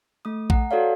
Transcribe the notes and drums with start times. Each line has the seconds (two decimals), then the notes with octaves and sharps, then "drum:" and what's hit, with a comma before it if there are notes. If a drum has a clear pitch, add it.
0.25 A3 D#6
0.50 F#5 A#5, drum: kick A#1
0.71 F#4 A4 C#5 D5 F5